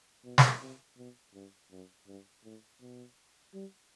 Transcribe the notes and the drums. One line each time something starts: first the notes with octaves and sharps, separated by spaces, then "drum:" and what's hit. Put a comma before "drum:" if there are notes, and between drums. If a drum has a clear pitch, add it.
B2
drum: snare
C3
B2
G2
F#2
G2
A2
B2
G3